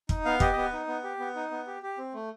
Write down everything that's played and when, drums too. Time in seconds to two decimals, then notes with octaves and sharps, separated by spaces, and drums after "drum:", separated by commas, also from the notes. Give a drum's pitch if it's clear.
0.09 D#4, drum: kick
0.25 B3 F5
0.40 G4 D#5, drum: kick
0.52 B3 D#5
0.64 B4
0.73 D#4
0.87 B3
1.03 G4
1.20 B3
1.36 D#4
1.51 B3
1.67 G4
1.83 G4
1.98 C4
2.14 A3